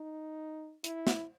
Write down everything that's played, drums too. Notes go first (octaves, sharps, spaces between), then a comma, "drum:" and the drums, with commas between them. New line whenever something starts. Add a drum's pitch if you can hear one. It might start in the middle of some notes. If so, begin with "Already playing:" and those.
Already playing: D#4
E4, drum: hi-hat
drum: snare